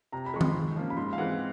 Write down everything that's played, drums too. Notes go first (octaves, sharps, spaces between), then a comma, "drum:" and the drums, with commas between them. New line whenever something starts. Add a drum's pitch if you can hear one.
C3 A#5
B5
F3 G#3 C#6
C6, drum: tom D#3
G#2
F3 A#3 C#4
B5
G#2 C6
F5
E3 G#3 C4 F#5